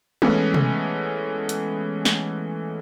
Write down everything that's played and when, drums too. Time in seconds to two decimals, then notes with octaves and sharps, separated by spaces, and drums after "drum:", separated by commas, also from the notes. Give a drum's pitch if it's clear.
0.22 E3 G#3 A3 B3 C#4, drum: tom
0.54 drum: tom
1.49 drum: hi-hat
2.05 drum: snare